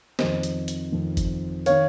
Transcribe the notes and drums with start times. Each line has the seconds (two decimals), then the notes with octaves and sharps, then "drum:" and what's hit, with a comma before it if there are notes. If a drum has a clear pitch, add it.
0.19 F2 D#3 C5 D#5, drum: snare
0.43 drum: hi-hat
0.68 drum: hi-hat
0.92 F2 D#3
1.17 drum: kick F#1, hi-hat
1.66 D#3 C#5 F5, drum: hi-hat